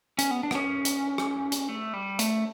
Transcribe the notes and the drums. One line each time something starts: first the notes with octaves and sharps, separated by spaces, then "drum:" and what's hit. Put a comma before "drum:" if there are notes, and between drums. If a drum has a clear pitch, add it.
C#4, drum: hi-hat
B3
D4
B3, drum: rim click
C#4
drum: hi-hat
drum: rim click
drum: hi-hat
A3
G3
A3, drum: hi-hat